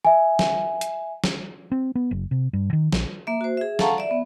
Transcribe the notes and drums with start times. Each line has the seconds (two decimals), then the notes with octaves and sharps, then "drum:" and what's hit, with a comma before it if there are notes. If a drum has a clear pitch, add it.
0.05 E5 G#5
0.39 drum: snare
0.81 drum: hi-hat
1.24 drum: snare
1.72 C4
1.95 B3
2.11 F#1
2.31 C3
2.53 G2
2.73 D#3
2.93 A#1, drum: snare
3.27 A#3 E5
3.41 F#4 C5
3.57 G#4 E5
3.79 A4 F5 F#5 A5 A#5 C#6, drum: snare
3.98 D5 E5
4.11 B3